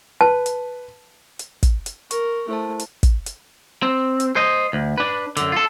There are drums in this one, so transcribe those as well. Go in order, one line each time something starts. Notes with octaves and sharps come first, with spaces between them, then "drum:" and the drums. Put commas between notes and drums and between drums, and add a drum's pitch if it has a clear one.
B4 A5
drum: hi-hat
drum: hi-hat
drum: kick, hi-hat
drum: hi-hat
A#4 C#6, drum: hi-hat
A3 E4 C5 A5
drum: hi-hat
drum: kick, hi-hat
drum: hi-hat
C4
drum: hi-hat
C5 D#5
D2
D4 B4
F#2 D3, drum: hi-hat
F4 A4